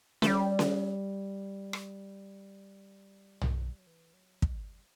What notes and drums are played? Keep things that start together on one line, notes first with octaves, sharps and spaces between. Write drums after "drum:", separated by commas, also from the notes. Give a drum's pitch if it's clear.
A3, drum: snare C#4
G3
drum: snare C#4
drum: rim click
drum: tom
F#3
E3
F#3
G3, drum: kick